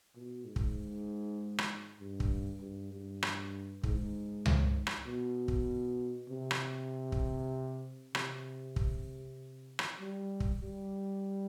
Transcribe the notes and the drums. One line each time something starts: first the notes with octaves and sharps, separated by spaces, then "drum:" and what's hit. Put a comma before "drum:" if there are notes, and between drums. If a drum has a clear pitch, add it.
B2
G#2
drum: kick
drum: rim click
G2
drum: kick
G2
G2
drum: rim click
G#2, drum: kick
drum: tom C#2
drum: rim click
B2
drum: kick
C3
drum: rim click
drum: kick
C3, drum: rim click
drum: kick
drum: rim click
G3
drum: kick
G3